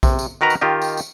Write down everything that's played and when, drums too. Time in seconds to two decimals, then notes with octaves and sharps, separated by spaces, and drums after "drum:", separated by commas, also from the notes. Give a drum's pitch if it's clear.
0.03 C3, drum: kick B1, tambourine
0.19 drum: tambourine
0.41 D#3 F#4 A#4 B4 A#5
0.50 drum: tambourine
0.61 D#3 F4 G4 D#5
0.82 drum: tambourine
0.97 drum: tambourine